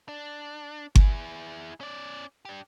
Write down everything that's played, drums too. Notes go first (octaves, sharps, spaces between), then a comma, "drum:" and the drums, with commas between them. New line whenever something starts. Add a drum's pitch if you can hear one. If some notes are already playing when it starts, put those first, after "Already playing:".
D4
E4 G#4, drum: kick G1
C#4 D5
D4 G4